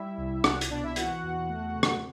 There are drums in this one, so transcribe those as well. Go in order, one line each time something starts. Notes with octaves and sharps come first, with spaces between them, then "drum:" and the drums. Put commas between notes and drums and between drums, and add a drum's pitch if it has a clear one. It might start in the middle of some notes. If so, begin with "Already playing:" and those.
Already playing: G3 E4 E5
C2
C2 F#4 F#5, drum: rim click
drum: hi-hat
B2 D4 D5
E4 E5
E3 F#4 F#5, drum: hi-hat
E2
A3
C3
drum: rim click